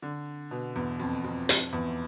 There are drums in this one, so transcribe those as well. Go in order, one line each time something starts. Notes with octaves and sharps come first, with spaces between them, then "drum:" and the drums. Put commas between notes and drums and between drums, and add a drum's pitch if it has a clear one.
D3
B2
E2
F2
F2
F2, drum: hi-hat
E2